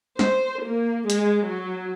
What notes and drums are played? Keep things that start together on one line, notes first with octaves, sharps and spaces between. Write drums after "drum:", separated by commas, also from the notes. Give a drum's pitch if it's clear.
C5, drum: snare
A#3
G#3, drum: hi-hat
F#3